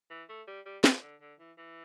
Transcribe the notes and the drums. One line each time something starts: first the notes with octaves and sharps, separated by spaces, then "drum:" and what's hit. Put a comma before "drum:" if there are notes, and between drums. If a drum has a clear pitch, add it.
E3
A3
G3
G3
F3, drum: snare
D3
D3
E3
E3